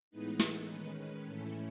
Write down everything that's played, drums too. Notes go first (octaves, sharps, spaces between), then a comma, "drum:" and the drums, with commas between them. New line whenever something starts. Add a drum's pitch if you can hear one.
A2 E3 G#3 B3 D#4 B4
A4, drum: snare
D#3 G#3 C#4 B4
B4
A2 E3 A3 C#4 E4 A4